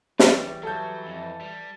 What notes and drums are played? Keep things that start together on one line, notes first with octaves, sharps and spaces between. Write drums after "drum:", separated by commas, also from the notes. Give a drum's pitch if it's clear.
E3 G3 G#4 B4 C#5, drum: snare
F#3 A4 G6
F2
G3